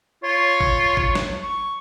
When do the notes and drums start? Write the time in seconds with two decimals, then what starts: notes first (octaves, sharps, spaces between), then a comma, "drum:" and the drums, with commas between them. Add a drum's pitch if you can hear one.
0.24 F4 C#5
0.60 drum: kick A1
0.97 drum: kick A1
1.15 drum: snare
1.42 C#6